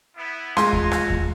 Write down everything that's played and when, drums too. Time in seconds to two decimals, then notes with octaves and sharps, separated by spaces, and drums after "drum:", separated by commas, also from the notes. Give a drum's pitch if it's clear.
0.17 B3 E4
0.57 G#3 F4 F#4 G#5 A#5 C6, drum: rim click
0.73 drum: kick D#2
0.92 drum: rim click
1.10 drum: kick D#2